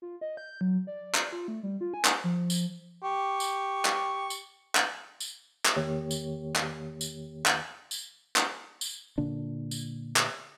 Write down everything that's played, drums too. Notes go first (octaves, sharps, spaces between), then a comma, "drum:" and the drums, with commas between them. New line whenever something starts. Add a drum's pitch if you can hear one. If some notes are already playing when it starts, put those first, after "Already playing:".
F4
D#5
G6
F#3
D5
drum: clap
F4
A3
G3
F4
G#5
drum: clap
F3
drum: tambourine
G4 C#6
drum: tambourine
drum: clap
drum: tambourine
drum: clap
drum: tambourine
drum: clap
E2 D#3 A#3 G4 C#5
drum: tambourine
drum: clap
drum: tambourine
drum: clap
drum: tambourine
drum: clap
drum: tambourine
A#2 D3 D4
drum: tambourine
drum: clap